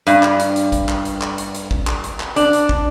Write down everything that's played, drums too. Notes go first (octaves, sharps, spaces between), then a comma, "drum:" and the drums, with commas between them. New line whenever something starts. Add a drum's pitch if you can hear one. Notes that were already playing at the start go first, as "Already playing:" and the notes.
G2, drum: hi-hat
drum: clap
drum: hi-hat
drum: hi-hat
drum: kick, hi-hat
drum: clap
drum: hi-hat
drum: clap
drum: hi-hat
drum: hi-hat
drum: kick
drum: clap
drum: hi-hat
drum: clap
D4, drum: hi-hat
drum: hi-hat
drum: kick